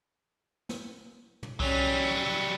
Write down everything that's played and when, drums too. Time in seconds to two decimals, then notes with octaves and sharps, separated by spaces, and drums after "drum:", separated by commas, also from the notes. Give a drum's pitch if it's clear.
0.69 drum: snare
1.43 drum: tom
1.60 F#3 G3 C#4 F7, drum: kick B1
2.01 C#6